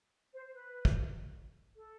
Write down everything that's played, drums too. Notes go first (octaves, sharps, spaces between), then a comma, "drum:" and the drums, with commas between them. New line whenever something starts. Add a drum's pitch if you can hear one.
C5
C5
B4
drum: kick
A4